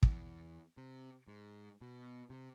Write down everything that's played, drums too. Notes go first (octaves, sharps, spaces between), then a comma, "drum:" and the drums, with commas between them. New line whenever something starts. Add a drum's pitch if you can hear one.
E2, drum: kick
C3
G#2
B2
C3